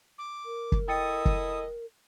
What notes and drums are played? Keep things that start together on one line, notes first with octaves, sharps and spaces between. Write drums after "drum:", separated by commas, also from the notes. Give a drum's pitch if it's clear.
D6
A#4
drum: kick
E4 A4 D#5 G5 D#6 A6 C#7
drum: kick